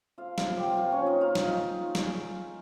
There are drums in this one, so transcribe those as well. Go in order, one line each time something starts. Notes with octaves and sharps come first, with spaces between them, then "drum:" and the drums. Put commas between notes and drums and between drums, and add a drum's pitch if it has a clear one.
F3 F4 F5
F4 F5, drum: snare
C3
G4 G5
A#3 F4 F5
C#4 C#5
A#3 D#4 D#5
F4 F5
G#3 D#4 D#5, drum: snare
drum: snare